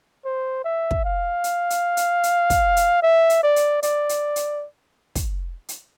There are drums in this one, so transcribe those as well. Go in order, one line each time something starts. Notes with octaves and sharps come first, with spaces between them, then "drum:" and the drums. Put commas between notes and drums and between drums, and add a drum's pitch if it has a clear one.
C5
E5
drum: kick
F5
drum: hi-hat
drum: hi-hat
drum: hi-hat
drum: hi-hat
drum: kick, hi-hat
drum: hi-hat
E5
drum: hi-hat
D5
drum: hi-hat
D5, drum: hi-hat
drum: hi-hat
drum: hi-hat
drum: kick, hi-hat
drum: hi-hat